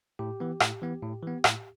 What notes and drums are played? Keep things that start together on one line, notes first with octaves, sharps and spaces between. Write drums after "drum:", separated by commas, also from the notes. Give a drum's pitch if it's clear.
A2 G4
E3 B3
A2, drum: rim click
E3 B3
A2
E3 B3
A2, drum: rim click